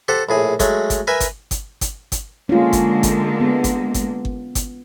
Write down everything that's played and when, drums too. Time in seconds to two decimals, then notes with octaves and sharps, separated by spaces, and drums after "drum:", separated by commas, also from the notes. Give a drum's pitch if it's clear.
0.08 G4 A4 C5 F#5
0.29 A#1 A2 G#4
0.60 F#3 G#3 A3, drum: kick G1, hi-hat
0.90 drum: kick G1, hi-hat
1.07 A#4 B4 E5 G#5
1.20 drum: kick G1, hi-hat
1.51 drum: kick G1, hi-hat
1.81 drum: kick G1, hi-hat
2.12 drum: kick G1, hi-hat
2.49 D3 G#3 A#3 C#4 F4
2.73 drum: kick G1, hi-hat
3.03 drum: kick G1, hi-hat
3.40 B3
3.64 drum: kick G1, hi-hat
3.94 drum: kick G1, hi-hat
4.25 drum: kick G1
4.55 drum: kick G1, hi-hat